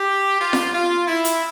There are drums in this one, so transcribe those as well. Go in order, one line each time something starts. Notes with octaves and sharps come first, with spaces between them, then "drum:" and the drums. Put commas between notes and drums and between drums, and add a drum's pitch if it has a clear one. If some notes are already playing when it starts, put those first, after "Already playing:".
Already playing: G4
F4
drum: snare F4
F4
E4
drum: hi-hat